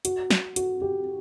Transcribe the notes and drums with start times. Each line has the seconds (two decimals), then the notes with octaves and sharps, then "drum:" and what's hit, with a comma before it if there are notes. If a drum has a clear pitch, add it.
0.05 F#4, drum: hi-hat
0.30 drum: snare
0.56 F#4, drum: hi-hat
0.82 G4